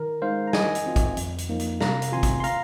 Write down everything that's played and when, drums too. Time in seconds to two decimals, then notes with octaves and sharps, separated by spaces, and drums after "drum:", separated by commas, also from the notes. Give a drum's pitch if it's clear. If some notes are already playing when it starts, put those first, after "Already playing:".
Already playing: D#3 A#4
0.22 G#3 D#4 C5 F5
0.47 A#5
0.53 D#3 D#5 G#5, drum: snare
0.75 drum: hi-hat
0.86 C4 F4
0.96 drum: kick, hi-hat
1.17 F2, drum: hi-hat
1.38 drum: hi-hat
1.49 F3 A#3 D#4
1.60 drum: hi-hat
1.81 C3 F5 A#5, drum: snare
2.02 drum: hi-hat
2.12 D#3 C4 F4 G#5 C6
2.23 drum: kick, hi-hat
2.40 C6
2.44 F5 A#5, drum: hi-hat